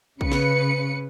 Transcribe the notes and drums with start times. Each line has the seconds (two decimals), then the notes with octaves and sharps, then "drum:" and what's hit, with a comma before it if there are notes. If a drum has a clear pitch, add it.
0.21 C#3 B4 C#7, drum: kick
0.32 drum: snare